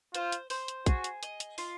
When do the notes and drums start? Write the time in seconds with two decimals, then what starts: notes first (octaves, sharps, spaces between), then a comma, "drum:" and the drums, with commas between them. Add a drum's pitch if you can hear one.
0.14 F4 C5, drum: hi-hat
0.32 drum: hi-hat
0.50 C5, drum: open hi-hat
0.68 drum: hi-hat
0.86 F#4 G#4, drum: kick, hi-hat
1.04 drum: hi-hat
1.23 D#5, drum: hi-hat
1.40 drum: hi-hat
1.58 F4, drum: open hi-hat